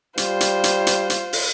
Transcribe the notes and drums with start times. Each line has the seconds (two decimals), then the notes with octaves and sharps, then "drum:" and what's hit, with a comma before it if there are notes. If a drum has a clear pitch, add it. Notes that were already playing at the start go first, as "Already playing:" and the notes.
0.17 G3 F4 C5, drum: hi-hat
0.41 drum: hi-hat
0.64 drum: hi-hat
0.87 drum: hi-hat
1.10 drum: hi-hat
1.33 drum: open hi-hat